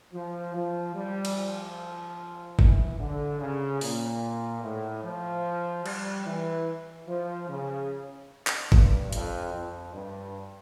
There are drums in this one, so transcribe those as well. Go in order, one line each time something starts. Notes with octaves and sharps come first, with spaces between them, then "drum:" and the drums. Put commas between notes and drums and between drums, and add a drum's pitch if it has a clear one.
F3
F3
G3
drum: cymbal
F3
E3, drum: kick
D3
C#3
A#2, drum: open hi-hat
A2
F3
G3, drum: cymbal
E3
F3
C#3
drum: clap
G2, drum: kick
F2, drum: hi-hat
F2
G2